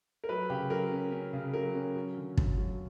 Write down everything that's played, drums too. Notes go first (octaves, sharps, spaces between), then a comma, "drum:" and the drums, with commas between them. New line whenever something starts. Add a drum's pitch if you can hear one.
A#4
F#3 B4
C#3 G4
F#3 A#4
C#4
C#4
C#3
F#3 A#4
C#4
F#3
D3
D3, drum: kick
F#3